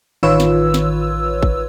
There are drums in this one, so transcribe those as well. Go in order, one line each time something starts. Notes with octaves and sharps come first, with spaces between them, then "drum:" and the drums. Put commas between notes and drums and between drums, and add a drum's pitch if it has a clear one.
A1 D#3 F4 B4 C#5 E6
drum: snare
drum: snare
drum: kick G#1